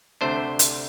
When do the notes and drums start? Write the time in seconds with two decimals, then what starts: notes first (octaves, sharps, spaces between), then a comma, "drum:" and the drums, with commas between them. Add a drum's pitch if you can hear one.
0.21 D2 C3 A3 D4 C5
0.59 drum: hi-hat